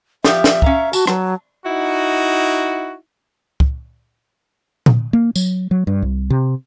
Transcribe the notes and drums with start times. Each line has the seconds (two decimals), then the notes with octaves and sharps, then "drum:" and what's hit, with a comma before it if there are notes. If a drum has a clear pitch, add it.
0.25 F3 G4 E5, drum: snare
0.44 drum: snare
0.62 C#4 F5 A#5, drum: kick
0.93 F#4 A5, drum: tambourine
1.07 F#3, drum: rim click
1.66 D#4 E4 F#4
3.60 drum: kick
4.86 drum: tom A#2
5.13 A#3
5.35 F#3, drum: tambourine
5.71 F#3
5.87 G2
6.02 C2
6.30 C3